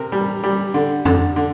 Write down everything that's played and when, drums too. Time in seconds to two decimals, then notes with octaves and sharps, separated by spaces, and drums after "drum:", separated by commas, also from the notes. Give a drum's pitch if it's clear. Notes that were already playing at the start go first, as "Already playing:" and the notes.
Already playing: C3 A#4
0.12 G3
0.44 G3
0.74 D3
1.05 D3, drum: tom F2
1.36 D3